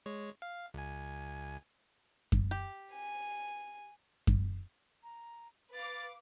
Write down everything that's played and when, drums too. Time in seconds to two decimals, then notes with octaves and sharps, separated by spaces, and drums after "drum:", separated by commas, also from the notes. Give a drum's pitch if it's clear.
0.06 G#3 C#5
0.42 F5
0.74 C#2 G#5
2.32 drum: kick F#2
2.51 G4
2.92 G#5
4.27 drum: kick F#2
5.03 A#5
5.74 B4 F5 D6 A6